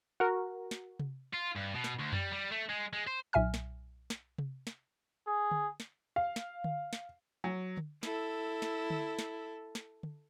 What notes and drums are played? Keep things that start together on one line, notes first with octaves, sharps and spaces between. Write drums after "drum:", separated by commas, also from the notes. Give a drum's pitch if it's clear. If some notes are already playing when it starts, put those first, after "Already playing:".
F#4 A#4
drum: snare
drum: tom C3
F4
G2
B2
drum: snare
D2
G3, drum: tom F2
G3
A3
G#3
G#3
C5
B1 A#2 E5 G#5 F6
drum: snare
drum: snare
drum: tom C3
drum: snare
G#4
drum: tom D3
drum: snare
F5
drum: snare
drum: tom D3
drum: snare
F#3
drum: tom D3
E4 A4, drum: snare
drum: snare
drum: tom D3
drum: snare
drum: snare
drum: tom D3